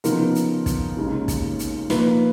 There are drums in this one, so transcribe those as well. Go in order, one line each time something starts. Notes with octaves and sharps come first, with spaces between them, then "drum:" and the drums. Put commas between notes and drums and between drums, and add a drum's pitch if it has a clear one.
C#3 F3 B3 D#4 A#4, drum: hi-hat
drum: hi-hat
drum: kick, hi-hat
D#2 C#3 G#3 D#4
drum: kick, hi-hat
drum: hi-hat
A#2 F3 A#3 D#4 B4, drum: snare